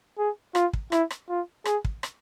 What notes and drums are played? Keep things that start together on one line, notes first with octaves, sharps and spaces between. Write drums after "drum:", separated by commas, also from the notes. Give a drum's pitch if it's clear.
G#4
F4, drum: rim click
drum: kick
E4, drum: rim click
drum: rim click
F4
G#4, drum: rim click
drum: kick
drum: rim click